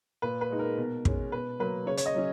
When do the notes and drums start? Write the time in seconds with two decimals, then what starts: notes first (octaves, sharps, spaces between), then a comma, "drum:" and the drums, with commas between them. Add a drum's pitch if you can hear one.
0.22 A#2 B4
0.41 B4
0.50 G#3 D#4
0.59 A#4
0.77 B2
1.05 G#3 C#4, drum: kick
1.32 B2 B4
1.59 F#3 A#3 B4
1.86 C#3 C#5
1.97 C#5, drum: hi-hat
2.06 D#5
2.14 F#3 C#4